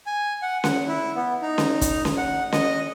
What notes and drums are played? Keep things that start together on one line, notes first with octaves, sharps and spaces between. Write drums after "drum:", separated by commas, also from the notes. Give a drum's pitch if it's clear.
G#5
F#5
F#5, drum: snare C#4
E4
B3
D#4
drum: snare C#4
drum: kick, hi-hat
drum: snare C#4
F#5
D#5, drum: snare C#4